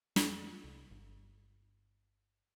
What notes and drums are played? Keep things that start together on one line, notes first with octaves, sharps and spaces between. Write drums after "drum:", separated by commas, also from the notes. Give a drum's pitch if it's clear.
F2, drum: snare
C2
G1